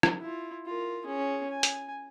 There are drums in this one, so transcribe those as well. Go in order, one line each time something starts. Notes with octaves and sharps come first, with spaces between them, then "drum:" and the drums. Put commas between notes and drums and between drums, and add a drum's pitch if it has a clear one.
drum: rim click
E4 F4
F4 A#4
C#4 G#4
G#5
drum: hi-hat